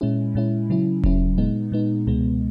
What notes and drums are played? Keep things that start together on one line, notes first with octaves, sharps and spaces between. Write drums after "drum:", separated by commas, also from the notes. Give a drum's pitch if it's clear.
A#2 G#3 C#4 E4
A#2 G#3 C#4 E4
C#3 F#3 C#4 E4
C#3 F#3 C#4 E4, drum: kick E1
A#2 G#3 B3 D#4
A#2 G#3 B3 D#4
C#2 B2 G#3 B3